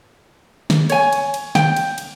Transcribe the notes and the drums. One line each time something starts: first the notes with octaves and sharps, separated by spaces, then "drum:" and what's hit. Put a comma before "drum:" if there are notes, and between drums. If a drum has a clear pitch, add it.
drum: snare
C#5 G#5, drum: cymbal
drum: cymbal
drum: cymbal
G5, drum: snare
drum: cymbal
drum: cymbal